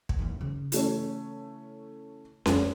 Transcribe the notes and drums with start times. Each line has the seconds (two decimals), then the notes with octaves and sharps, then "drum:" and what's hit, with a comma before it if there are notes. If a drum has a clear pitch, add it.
0.09 drum: kick
0.19 D#2 E4
0.41 C#3
0.72 E3 A3 C#4, drum: hi-hat
2.46 F2 A3, drum: snare C#4